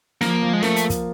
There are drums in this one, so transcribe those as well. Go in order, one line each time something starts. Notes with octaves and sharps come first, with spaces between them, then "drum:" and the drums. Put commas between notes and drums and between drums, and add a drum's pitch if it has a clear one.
F3 A#3, drum: snare
F3
G#3
A3 A#3, drum: snare
drum: hi-hat
drum: kick, hi-hat